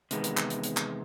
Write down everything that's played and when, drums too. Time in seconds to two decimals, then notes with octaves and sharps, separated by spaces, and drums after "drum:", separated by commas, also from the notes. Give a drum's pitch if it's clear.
0.11 E2 C3 D#3 G#3 B3, drum: hi-hat
0.24 drum: hi-hat
0.37 drum: clap
0.50 drum: hi-hat
0.64 drum: hi-hat
0.77 drum: clap